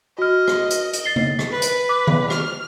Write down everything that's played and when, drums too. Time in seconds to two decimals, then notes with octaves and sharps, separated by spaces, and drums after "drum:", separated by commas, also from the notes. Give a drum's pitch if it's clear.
0.18 F#4 D#5 F6
0.48 drum: rim click
0.70 drum: hi-hat
0.93 drum: hi-hat
1.05 A6 C7 G7
1.16 drum: tom
1.39 drum: rim click
1.51 B4
1.62 drum: hi-hat
1.89 D6
2.07 drum: tom D#3
2.30 F6, drum: rim click